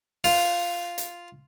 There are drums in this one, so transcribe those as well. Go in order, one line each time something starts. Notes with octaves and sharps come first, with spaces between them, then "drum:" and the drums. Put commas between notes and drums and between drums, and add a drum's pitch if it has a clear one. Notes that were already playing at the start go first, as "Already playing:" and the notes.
F4, drum: open hi-hat
drum: hi-hat